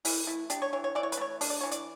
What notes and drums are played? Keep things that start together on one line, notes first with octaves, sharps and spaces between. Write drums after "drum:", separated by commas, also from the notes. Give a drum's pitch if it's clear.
E3 E4, drum: open hi-hat
A3 E4
D4 G4, drum: hi-hat
C#5
E3 C#5
C#5
E3 D5
C#5
B4, drum: hi-hat
A3 C#5
D4, drum: open hi-hat
D5
E3 C#5
D5, drum: hi-hat